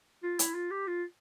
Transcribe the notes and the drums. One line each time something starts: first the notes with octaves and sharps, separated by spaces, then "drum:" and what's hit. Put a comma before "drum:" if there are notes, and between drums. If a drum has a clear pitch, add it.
F4
E4, drum: hi-hat
F4
G4
F4